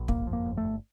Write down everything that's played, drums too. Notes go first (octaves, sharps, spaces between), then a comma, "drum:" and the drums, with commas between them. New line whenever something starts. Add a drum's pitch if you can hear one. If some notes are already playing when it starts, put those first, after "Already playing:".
Already playing: A#1
G1 A#3, drum: kick
F2
A#3
G1
A3
G1